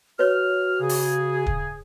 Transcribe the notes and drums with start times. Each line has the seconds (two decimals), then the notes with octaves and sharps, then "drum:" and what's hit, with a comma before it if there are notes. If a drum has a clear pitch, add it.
0.19 F#4 B4 C#5 F6
0.80 C#3 G#4
0.89 drum: open hi-hat
1.46 drum: kick